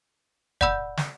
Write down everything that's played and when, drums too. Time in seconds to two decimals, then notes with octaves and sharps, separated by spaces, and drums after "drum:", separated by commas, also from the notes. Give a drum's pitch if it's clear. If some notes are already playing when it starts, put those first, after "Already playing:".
0.61 D5 F#5 B5 E6 G6, drum: kick
0.97 drum: snare